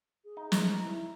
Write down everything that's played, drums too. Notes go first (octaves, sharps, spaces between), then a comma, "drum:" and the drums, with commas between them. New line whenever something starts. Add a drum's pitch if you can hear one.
G#4
D#4
D#4, drum: snare
E4